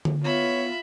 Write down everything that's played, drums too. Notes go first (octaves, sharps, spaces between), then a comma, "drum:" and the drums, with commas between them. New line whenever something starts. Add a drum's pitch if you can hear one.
drum: tom D3
B3 F4 C#5 E5 B5